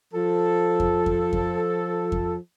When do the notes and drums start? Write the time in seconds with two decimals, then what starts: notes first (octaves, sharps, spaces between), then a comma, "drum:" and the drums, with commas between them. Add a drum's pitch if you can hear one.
0.14 F3 A4
0.80 drum: kick F2
1.06 drum: kick F2
1.33 drum: kick F2
2.12 drum: kick F2